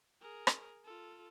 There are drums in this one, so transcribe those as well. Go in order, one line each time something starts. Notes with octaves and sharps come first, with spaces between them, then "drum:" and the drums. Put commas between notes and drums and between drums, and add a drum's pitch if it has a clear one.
G#4 A#4
drum: rim click
F4 A4